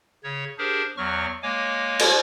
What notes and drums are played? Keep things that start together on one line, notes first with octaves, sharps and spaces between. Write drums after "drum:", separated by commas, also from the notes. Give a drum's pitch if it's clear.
C#3 C#5
D4 G4 G#4 A#4 C5
E2 F#3 C#6 F6
G#3 A#3 C#5 G#5 D6
drum: cymbal